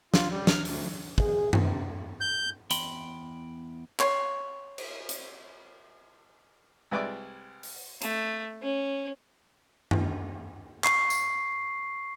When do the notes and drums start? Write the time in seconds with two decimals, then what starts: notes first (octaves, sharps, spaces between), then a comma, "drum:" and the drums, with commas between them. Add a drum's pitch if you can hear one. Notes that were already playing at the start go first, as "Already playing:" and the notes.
0.14 F4, drum: snare
0.30 G3
0.47 F6, drum: snare
0.65 D2, drum: open hi-hat
1.18 G#4, drum: kick
1.53 C3, drum: tom F#2
2.21 G6
2.71 E2 G5 B5 C6, drum: hi-hat
4.00 C#5 C6, drum: clap
4.78 drum: cymbal
5.09 drum: hi-hat
6.91 C2 G#3 B4 D5 E5 D6
7.63 drum: open hi-hat
8.02 A3, drum: hi-hat
8.62 C#4
9.91 drum: tom F#2
10.84 C#6 C7, drum: clap
11.10 drum: tambourine